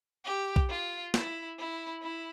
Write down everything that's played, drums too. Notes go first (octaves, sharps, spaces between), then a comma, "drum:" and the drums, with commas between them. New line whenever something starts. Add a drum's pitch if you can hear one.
G4
drum: kick B1
F4
E4, drum: snare
E4
E4